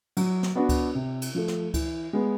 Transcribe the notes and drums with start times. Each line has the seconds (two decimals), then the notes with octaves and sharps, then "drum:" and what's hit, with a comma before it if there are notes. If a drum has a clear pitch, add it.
0.17 F#3, drum: cymbal
0.43 drum: snare
0.55 B3 D4 F#4
0.69 drum: kick C#2, cymbal
0.95 C3
1.22 drum: cymbal
1.35 F3 A3
1.48 drum: snare
1.74 E3, drum: kick C#2, cymbal
2.13 G#3 B3